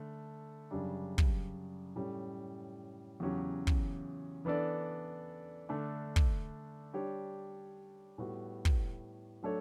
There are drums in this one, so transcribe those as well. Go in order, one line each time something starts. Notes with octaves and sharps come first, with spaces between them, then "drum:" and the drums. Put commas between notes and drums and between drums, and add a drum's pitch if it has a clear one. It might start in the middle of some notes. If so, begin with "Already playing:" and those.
Already playing: D3 A3
F#2 C#3 G3 D4
drum: kick
A2 G3 C#4
E2 C#3 F#3 C#4 G4
drum: kick
E3 B3 D4 A4 D5
D3 A3 D4
drum: kick
G3 D4 G4 C#5
A2 G3 B3 F#4
drum: kick
F#3 A3 D4 A4 C#5